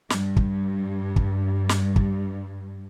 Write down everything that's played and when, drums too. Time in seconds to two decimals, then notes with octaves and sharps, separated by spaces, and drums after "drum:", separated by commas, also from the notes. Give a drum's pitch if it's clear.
0.10 G2, drum: snare
0.37 drum: kick
1.16 drum: kick
1.69 drum: snare
1.96 drum: kick